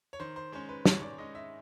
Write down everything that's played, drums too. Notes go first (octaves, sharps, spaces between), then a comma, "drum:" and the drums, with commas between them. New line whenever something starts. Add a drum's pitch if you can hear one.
C#5
D#3 C5
C5
G#3 C#4 C5
B4
D#3 C#5, drum: snare
D5
G#3 C#4 D#5
E5